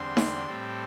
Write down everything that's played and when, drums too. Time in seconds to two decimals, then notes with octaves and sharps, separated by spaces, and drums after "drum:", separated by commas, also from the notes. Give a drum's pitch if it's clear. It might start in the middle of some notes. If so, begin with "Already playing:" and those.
Already playing: E2 D3 G3 C4 C6
0.17 drum: snare D#4
0.46 A2 G3 C4 A4